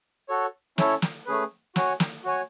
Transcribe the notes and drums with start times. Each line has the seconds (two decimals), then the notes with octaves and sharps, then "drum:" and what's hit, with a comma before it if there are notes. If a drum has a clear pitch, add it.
0.29 F#4 A4 C#5
0.78 C#4 E4 A4 C#5, drum: snare
1.02 drum: snare
1.26 A3 C#4 G#4 B4
1.76 F#4 C#5 G#5, drum: snare
2.00 drum: snare
2.24 F#4 C#5 G#5